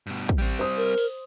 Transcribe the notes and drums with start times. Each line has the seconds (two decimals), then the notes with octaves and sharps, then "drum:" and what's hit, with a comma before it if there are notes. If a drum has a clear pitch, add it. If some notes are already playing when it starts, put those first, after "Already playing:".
0.07 G2 B2
0.29 drum: kick
0.38 G3 C4
0.59 C5 D#6
0.77 A#4
0.98 drum: open hi-hat